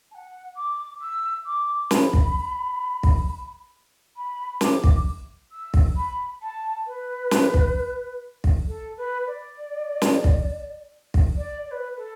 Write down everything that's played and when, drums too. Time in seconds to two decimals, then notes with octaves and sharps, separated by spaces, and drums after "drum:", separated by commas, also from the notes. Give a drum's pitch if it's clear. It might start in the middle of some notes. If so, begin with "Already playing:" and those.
0.11 A5
0.14 F#5
0.56 D6
1.00 E6
1.45 D6
1.91 B5, drum: snare
2.13 drum: kick
3.03 drum: kick
4.16 B5
4.61 D6, drum: snare
4.84 drum: kick
5.51 E6
5.74 drum: kick
5.96 B5
6.41 A5
6.86 B4
7.31 drum: snare
7.54 drum: kick
8.44 drum: kick
8.67 A4
8.97 B4
9.27 D5
10.02 drum: snare
10.24 drum: kick
11.14 drum: kick
11.36 D5
11.67 D5
11.71 B4
11.96 A4